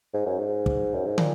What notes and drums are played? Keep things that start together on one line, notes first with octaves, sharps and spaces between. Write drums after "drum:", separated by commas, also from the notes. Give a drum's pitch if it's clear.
G#2
F#2
G#2
drum: kick
F#2
G#2
A#2, drum: tom